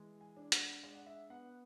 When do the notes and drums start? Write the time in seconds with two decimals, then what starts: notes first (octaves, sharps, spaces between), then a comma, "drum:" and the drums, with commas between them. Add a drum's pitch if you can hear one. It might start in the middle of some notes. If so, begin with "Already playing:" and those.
Already playing: E3 G#3
0.21 G#5
0.37 D4
0.52 F#5, drum: hi-hat
0.83 G#3 D5
0.95 F#5
1.07 E5
1.30 B3 F#5